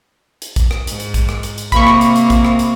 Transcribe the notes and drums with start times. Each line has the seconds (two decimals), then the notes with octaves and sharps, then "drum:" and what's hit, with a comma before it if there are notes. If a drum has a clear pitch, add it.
0.42 drum: hi-hat
0.56 drum: kick A#1, hi-hat
0.71 drum: rim click
0.87 G#2, drum: hi-hat
1.00 drum: hi-hat
1.14 drum: kick A#1, hi-hat
1.29 drum: rim click
1.43 drum: hi-hat
1.58 drum: hi-hat
1.72 C3 A#3 C4 B5 C#6, drum: kick A#1, hi-hat
1.87 drum: rim click
2.01 drum: hi-hat
2.16 drum: hi-hat
2.30 drum: kick A#1, hi-hat
2.45 drum: rim click
2.59 drum: hi-hat